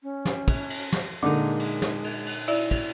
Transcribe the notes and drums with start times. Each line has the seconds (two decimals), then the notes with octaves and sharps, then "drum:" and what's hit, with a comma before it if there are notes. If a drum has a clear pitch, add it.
0.03 C#4
0.25 drum: snare
0.48 drum: kick, cymbal
0.70 drum: cymbal
0.92 drum: snare
1.23 A#2 D3 G#3 A#3 D#4
1.59 drum: cymbal
1.82 drum: snare
2.04 drum: cymbal
2.27 drum: cymbal
2.48 E4 D5 E5, drum: cymbal
2.71 drum: kick, cymbal